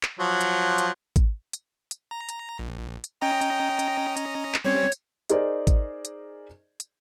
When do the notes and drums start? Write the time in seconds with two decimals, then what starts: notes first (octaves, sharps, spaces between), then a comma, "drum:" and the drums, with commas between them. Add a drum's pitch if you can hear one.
0.03 drum: clap
0.19 F3 F#3
0.41 drum: hi-hat
0.78 drum: hi-hat
1.16 drum: kick G#1, hi-hat
1.53 drum: hi-hat
1.91 drum: hi-hat
2.11 A#5
2.29 drum: hi-hat
2.59 A#1
3.04 drum: hi-hat
3.22 C#4 D#5 G5 A#5
3.41 drum: hi-hat
3.79 drum: hi-hat
4.17 drum: hi-hat
4.54 drum: clap
4.65 G3 C4 C#4 C#5
4.92 drum: hi-hat
5.29 D#4 G#4 A#4 C5 D5 D#5, drum: hi-hat
5.67 drum: kick G#1, hi-hat
6.05 drum: hi-hat
6.80 drum: hi-hat